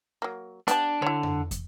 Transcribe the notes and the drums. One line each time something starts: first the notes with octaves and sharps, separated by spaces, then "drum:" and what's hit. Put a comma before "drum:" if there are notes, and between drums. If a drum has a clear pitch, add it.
F#3 A#3
B3 D4 G4 A5, drum: hi-hat
D3 E4 C#5
drum: tom F2
drum: kick, hi-hat